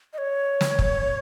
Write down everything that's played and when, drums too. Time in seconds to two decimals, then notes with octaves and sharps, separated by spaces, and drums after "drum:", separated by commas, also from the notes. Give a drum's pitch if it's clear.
0.13 D#5
0.18 C#5
0.61 drum: snare
0.79 drum: kick